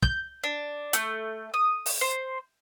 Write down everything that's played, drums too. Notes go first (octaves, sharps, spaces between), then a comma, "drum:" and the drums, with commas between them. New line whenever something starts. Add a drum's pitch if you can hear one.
G6, drum: kick
D4
A3, drum: hi-hat
D#6
drum: open hi-hat
C5